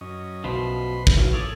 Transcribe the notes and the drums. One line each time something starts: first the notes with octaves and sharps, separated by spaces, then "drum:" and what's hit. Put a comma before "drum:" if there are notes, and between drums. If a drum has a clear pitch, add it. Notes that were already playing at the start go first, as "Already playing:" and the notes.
F#2 C#4 D#5
B1 F#2 B2 F3 B4 B5 C6
drum: kick
E3 F#3 F4
A4 C#5 D5 D#6 E6